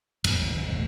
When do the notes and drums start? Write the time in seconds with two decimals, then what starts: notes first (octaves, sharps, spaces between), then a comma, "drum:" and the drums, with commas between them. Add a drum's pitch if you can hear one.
0.24 F#2 F3 B3, drum: cymbal
0.38 G1 C#2 D#3 F#3
0.57 G1 F#2 D3 F3
0.70 E1 F2 A3